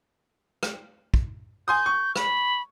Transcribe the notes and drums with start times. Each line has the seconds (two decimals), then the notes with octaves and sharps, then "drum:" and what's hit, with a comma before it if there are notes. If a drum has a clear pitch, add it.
0.63 drum: rim click
1.14 drum: kick
1.68 G#5 C6 D#6 G6
1.86 C#6
2.16 B5, drum: rim click